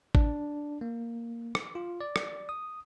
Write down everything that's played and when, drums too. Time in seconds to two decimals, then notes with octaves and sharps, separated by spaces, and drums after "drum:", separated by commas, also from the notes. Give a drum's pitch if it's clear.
0.15 D4, drum: kick G#1
0.81 A#3
1.55 drum: rim click
1.75 F4
2.01 D5
2.16 drum: rim click
2.49 D#6